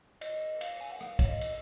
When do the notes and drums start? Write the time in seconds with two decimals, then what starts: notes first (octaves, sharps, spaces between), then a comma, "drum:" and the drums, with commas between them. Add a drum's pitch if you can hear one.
0.21 D#5, drum: cymbal
0.61 F5, drum: cymbal
0.81 G#5
0.92 F#5
1.01 F5, drum: rim click
1.19 C#5, drum: kick, cymbal
1.28 D#5
1.41 drum: cymbal